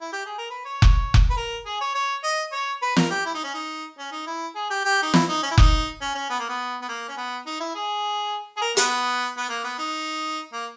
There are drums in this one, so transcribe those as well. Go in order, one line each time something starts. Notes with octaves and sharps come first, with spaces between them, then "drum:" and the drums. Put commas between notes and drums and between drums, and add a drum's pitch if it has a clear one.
E4
G4
G#4
A#4
B4
C#5
drum: kick F1
drum: kick F1
B4
A#4
G#4
C#5
C#5
D#5
C#5
B4
A#4, drum: snare
G4
E4
D#4
C#4
D#4
C#4
D#4
E4
G#4
G4
G4
D#4
E4, drum: snare
D#4
C#4
E4
D#4, drum: kick F1
C#4
C#4
B3
A#3
B3
B3
A#3
C#4
B3
D#4
E4
G#4
G#4
A#4
B3, drum: hi-hat
B3
A#3
B3
D#4
A#3